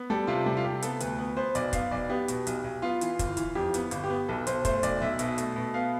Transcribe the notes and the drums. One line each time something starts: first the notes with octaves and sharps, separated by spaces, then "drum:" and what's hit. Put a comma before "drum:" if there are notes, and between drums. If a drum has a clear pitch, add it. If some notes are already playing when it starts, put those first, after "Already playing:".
Already playing: B3
G3 A4
C3 F4
G3 A4
F4
C3 G4
B3 A4, drum: hi-hat
D2 B4, drum: hi-hat
B3
B3 C5
B1 D5, drum: hi-hat
B3 F5, drum: kick, hi-hat
B1 D5
B3 G4
B2, drum: hi-hat
B1, drum: hi-hat
B1
B3 F4
E3, drum: hi-hat
G1, drum: kick, hi-hat
E3, drum: hi-hat
F2 G4
B3, drum: hi-hat
G1, drum: hi-hat
G4
B3
B1 A4
B1 C5, drum: hi-hat
A3 C5, drum: kick, hi-hat
B1 D5, drum: hi-hat
B1 E5
B2, drum: hi-hat
A3, drum: hi-hat
B2
B3 F5